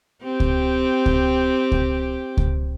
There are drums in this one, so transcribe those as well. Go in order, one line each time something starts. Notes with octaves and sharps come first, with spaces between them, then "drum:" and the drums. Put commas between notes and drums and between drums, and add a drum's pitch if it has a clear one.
C4 G4
drum: kick C#2
drum: kick C#2
drum: kick C#2
drum: kick C#2